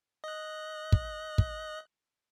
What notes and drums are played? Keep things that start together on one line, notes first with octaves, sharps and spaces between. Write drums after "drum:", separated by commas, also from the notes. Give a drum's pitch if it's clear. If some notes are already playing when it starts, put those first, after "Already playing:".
D#5 F#6
drum: kick
drum: kick